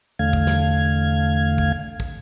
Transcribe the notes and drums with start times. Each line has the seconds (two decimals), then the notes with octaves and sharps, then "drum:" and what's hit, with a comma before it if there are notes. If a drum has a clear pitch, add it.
0.19 E2 D3 A3 F5 G#6
0.33 drum: kick
0.47 drum: snare
1.58 drum: kick
2.00 drum: kick